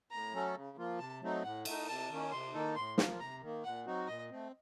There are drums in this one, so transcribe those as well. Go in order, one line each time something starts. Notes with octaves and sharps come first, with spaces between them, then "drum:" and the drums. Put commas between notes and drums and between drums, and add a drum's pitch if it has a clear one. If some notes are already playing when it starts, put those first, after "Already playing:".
A2 A#5
F#3 A3 C#4 A4
C#3
F3 A#3 F4
C3 A5
F#3 A3 C4 D#4
A2 F#5
A3 D#4, drum: cymbal
C3 A5
D#3 A#3 C#4
C3 C6
D#3 A#3 D#4 A4
A2 C6
F3 A#3 F4, drum: snare
C3 A#5
D#3 A#3
A#2 F#5
F#3 C4 D#4 F#4
A#2 D#5
A3 C4